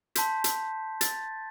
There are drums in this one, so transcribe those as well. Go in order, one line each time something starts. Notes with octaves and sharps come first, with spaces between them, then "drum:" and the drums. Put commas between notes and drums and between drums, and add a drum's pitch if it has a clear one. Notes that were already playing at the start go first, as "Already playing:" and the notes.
A5 C6 G6 B6, drum: hi-hat
drum: hi-hat
A6, drum: hi-hat